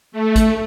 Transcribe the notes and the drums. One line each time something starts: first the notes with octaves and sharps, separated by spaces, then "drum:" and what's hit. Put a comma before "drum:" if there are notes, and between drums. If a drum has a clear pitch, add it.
A3
drum: kick, hi-hat